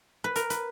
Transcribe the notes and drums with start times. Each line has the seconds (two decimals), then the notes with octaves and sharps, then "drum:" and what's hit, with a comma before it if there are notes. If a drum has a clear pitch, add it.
0.24 B4
0.36 A#4, drum: hi-hat
0.50 B4, drum: hi-hat